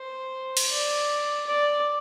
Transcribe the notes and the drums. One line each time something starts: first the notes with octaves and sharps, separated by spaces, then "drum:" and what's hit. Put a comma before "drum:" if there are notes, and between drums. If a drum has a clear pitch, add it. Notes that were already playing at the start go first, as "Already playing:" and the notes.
Already playing: C5
drum: cymbal
D5
D5